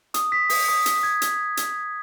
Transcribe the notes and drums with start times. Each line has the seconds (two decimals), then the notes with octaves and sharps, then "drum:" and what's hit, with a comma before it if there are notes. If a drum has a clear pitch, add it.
0.14 D#6, drum: hi-hat
0.32 B6
0.50 D#6, drum: open hi-hat
0.69 D#6
0.86 D#6, drum: hi-hat
1.03 G#6
1.22 drum: hi-hat
1.57 drum: hi-hat